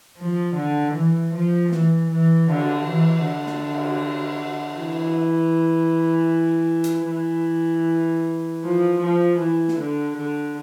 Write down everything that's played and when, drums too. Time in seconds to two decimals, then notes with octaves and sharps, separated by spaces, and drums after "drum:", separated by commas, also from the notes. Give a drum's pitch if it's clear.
0.18 F3
0.56 D3
0.94 E3
1.34 F3
1.72 E3, drum: snare
2.11 E3
2.49 D3, drum: cymbal
2.87 E3
3.25 D3
3.47 drum: snare
3.75 drum: cymbal
4.79 E3
6.84 drum: hi-hat
7.10 E3
8.64 F3
9.02 F3
9.40 E3
9.68 drum: snare
9.78 D3
10.17 D3